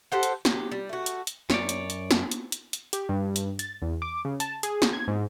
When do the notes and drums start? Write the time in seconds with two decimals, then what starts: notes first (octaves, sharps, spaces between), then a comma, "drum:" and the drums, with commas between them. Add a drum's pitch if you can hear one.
0.12 G4 A4 C5 F#5
0.23 drum: hi-hat
0.45 F#3 G4, drum: snare
0.71 G3
0.89 A3 F#4
1.06 drum: hi-hat
1.27 drum: hi-hat
1.50 F#2 C#5 D5, drum: snare
1.69 drum: hi-hat
1.90 drum: hi-hat
2.11 drum: snare
2.31 drum: hi-hat
2.52 drum: hi-hat
2.73 drum: hi-hat
2.93 G4, drum: hi-hat
3.09 G2
3.36 drum: hi-hat
3.59 A6, drum: hi-hat
3.82 E2
4.02 D6
4.25 C#3
4.40 A5, drum: hi-hat
4.63 G#4, drum: hi-hat
4.82 drum: snare
4.93 G#6
5.08 G#2